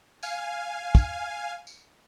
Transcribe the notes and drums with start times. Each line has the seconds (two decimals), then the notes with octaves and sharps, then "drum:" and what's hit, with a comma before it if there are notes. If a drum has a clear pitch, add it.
0.23 F5 G#5, drum: tambourine
0.95 drum: kick, tambourine
1.67 drum: tambourine